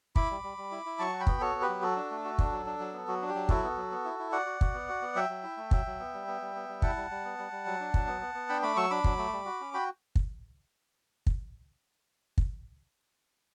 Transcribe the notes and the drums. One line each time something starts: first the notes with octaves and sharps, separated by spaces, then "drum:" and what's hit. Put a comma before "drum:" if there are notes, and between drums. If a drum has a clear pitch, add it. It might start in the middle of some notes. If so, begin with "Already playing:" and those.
E4 B5 D6, drum: kick
G3
G3
G3
E4
E4
F#3 A5 C#6
F#4
G5 B5
B3, drum: kick
F#4 A4 C#5
B3
G4 B4
F#3
F#4 A4
D4
A3
F#4
D4, drum: kick
F#3
D4
F#3
B3
F#3 F#4
D4
G4
F#3
E4 F#4 A4, drum: kick
B3
F#3
B3
E4
E4
F#4 D5 F#5
F#4
F#4, drum: kick
B3
F#4
B3
F#3 E5 G5
F#3
E4
A3
F#3, drum: kick
F#3
B3
G3
B3
G3
B3
G3
E4 F#5 A5, drum: kick
G3
G3
B3
G3
G3
F#3
D4
F#3, drum: kick
B3
B3
B3
D4 G5 B5
A3 B5 D6
F#3 C#6 E6
D4 B5 D6
F#3, drum: kick
A3
G3
F#4
C#4
F#4 G5 B5
drum: kick
drum: kick
drum: kick